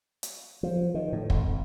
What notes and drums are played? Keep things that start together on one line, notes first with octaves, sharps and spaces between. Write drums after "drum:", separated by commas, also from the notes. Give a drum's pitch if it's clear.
drum: hi-hat
F3
D#3
A2
G#1, drum: kick